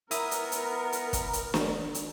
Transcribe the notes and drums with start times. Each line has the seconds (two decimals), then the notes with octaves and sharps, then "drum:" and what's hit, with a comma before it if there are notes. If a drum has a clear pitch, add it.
0.11 B3 E4 A#4 E5 A#5 D#6, drum: hi-hat
0.31 drum: hi-hat
0.52 drum: hi-hat
0.92 drum: hi-hat
1.13 drum: kick, hi-hat
1.33 drum: hi-hat
1.54 drum: snare
1.95 drum: hi-hat